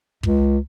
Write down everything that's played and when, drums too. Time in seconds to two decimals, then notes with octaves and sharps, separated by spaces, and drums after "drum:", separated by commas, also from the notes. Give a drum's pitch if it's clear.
0.23 C#2, drum: kick